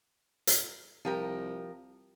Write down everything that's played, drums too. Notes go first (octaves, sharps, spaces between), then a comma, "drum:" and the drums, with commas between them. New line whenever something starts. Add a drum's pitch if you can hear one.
drum: hi-hat
C2 F3 G4 A#4